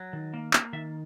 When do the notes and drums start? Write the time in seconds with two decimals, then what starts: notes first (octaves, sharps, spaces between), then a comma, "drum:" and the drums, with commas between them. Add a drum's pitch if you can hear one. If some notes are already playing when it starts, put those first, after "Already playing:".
Already playing: F#3
0.13 D#3
0.34 A#3
0.53 A#3 E5, drum: clap
0.73 D#3 E5